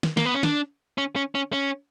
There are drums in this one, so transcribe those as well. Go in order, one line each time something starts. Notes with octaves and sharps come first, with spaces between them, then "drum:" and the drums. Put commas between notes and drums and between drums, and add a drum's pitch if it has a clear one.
drum: snare
A#3, drum: snare
B3
C#4
D4, drum: snare
C#4
C#4
C#4
C#4